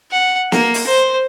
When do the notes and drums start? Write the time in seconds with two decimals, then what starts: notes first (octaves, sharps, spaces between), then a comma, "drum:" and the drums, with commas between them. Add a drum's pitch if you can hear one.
0.11 F#5
0.52 A#3, drum: snare
0.74 drum: open hi-hat
0.87 C5